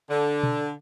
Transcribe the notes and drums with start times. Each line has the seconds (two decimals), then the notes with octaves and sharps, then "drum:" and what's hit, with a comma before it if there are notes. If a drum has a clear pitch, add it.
0.10 D3
0.43 drum: tom B2